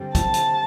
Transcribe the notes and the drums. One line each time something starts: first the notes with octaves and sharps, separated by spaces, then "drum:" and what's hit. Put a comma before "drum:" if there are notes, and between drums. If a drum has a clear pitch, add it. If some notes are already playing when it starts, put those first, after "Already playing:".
Already playing: G2 D3 G3 C4
A5, drum: kick, hi-hat
drum: hi-hat